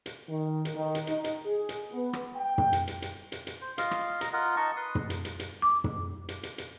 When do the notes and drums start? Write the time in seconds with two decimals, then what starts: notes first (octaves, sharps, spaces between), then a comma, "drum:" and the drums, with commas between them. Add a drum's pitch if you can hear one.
0.06 drum: hi-hat
0.29 D#3
0.65 drum: hi-hat
0.75 D#3
0.95 drum: hi-hat
1.07 D#4, drum: hi-hat
1.24 drum: hi-hat
1.45 G#4
1.69 drum: hi-hat
1.92 B3
2.13 drum: rim click
2.36 G5
2.58 drum: tom
2.73 drum: hi-hat
2.87 drum: hi-hat
3.02 drum: hi-hat
3.32 drum: hi-hat
3.47 drum: hi-hat
3.61 C5
3.78 F4 D#5 F5, drum: hi-hat
3.91 drum: rim click
4.21 D#5 A#5, drum: hi-hat
4.33 F4 A#4 D#5 F#5
4.57 D#4 D#5 A5 C#6
4.76 B4 C6 D#6
4.95 drum: tom
5.10 drum: hi-hat
5.25 drum: hi-hat
5.40 drum: hi-hat
5.62 D6
5.84 drum: tom
6.29 drum: hi-hat
6.43 drum: hi-hat
6.58 drum: hi-hat